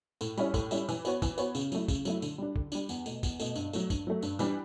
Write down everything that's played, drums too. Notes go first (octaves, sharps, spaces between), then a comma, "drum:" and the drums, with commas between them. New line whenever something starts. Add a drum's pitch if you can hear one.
A2, drum: tambourine
G3 C#4 E4, drum: tambourine
A2, drum: kick, tambourine
G3 C#4 E4, drum: tambourine
E3, drum: tambourine
B3 F#4 C#5, drum: tambourine
E3, drum: kick, tambourine
B3 F#4 C#5, drum: tambourine
C#3, drum: tambourine
F#3 A3 E4, drum: tambourine
C#3, drum: kick, tambourine
F#3 A3 E4, drum: tambourine
D3, drum: tambourine
G3 D4
D3, drum: kick
G3 D4, drum: tambourine
E2, drum: tambourine
B2 A3, drum: tambourine
E2, drum: kick, tambourine
B2 A3, drum: tambourine
G2, drum: tambourine
F#3 A3, drum: tambourine
G2, drum: kick, tambourine
F#3 A3
G2, drum: tambourine
E3 G3 D4, drum: tambourine